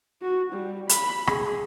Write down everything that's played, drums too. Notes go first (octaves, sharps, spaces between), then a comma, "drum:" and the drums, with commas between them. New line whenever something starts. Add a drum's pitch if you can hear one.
F#4
G3
B5, drum: hi-hat
G#4, drum: rim click